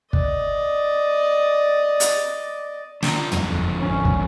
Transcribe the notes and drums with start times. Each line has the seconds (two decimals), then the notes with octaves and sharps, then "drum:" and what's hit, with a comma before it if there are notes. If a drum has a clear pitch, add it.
0.13 D5 D#5, drum: kick
2.00 drum: hi-hat
3.03 D4 F4 A#5, drum: snare
3.32 drum: tom
3.42 F#1 F2 D3
3.78 G#1 C#4
4.05 drum: kick